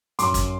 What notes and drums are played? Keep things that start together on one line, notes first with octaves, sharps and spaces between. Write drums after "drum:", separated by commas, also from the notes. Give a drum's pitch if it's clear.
F#2 C6 D6, drum: hi-hat
drum: kick, hi-hat